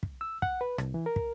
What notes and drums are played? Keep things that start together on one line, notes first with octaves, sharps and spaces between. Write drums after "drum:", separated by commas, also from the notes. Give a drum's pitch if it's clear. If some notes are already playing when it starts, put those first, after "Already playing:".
drum: kick
E6
F#5, drum: kick
B4
C2, drum: rim click
E3
A#4
drum: kick